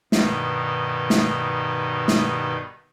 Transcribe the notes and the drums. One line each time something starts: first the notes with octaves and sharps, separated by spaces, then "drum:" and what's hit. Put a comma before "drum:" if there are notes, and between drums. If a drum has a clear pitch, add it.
G2 B2 D#3 D#4, drum: snare
drum: snare
drum: snare